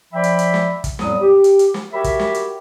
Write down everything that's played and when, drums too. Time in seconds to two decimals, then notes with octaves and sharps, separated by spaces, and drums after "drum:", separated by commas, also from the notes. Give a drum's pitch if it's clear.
0.13 F3 D5 E5 G5 B5
0.24 drum: hi-hat
0.39 drum: hi-hat
0.54 drum: snare
0.84 drum: kick, hi-hat
0.99 F2 A2 F#3 G3 B3 D#6, drum: snare
1.20 G4
1.44 drum: hi-hat
1.59 drum: hi-hat
1.74 drum: snare
1.93 F#4 G4 A#4 C#5 E5 B5
2.04 drum: kick, hi-hat
2.19 drum: snare
2.35 drum: hi-hat